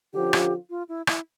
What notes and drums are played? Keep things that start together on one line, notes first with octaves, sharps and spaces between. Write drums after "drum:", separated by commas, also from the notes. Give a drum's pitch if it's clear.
D3 F3 C#4 F4 G4
drum: rim click
F4
E4
E4, drum: rim click